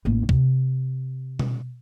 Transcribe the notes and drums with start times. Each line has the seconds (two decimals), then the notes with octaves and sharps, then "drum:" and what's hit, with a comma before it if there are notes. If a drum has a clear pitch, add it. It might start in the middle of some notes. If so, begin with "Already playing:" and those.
0.05 A1 A#3
0.29 C3, drum: kick
1.39 drum: tom B2